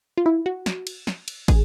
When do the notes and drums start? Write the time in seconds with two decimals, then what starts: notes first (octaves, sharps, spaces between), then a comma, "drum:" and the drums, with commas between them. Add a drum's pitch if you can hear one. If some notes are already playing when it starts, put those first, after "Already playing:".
0.17 F4
0.26 E4
0.46 F#4
0.66 drum: snare
0.87 drum: cymbal
1.07 drum: snare
1.28 drum: cymbal
1.48 G#4, drum: kick, cymbal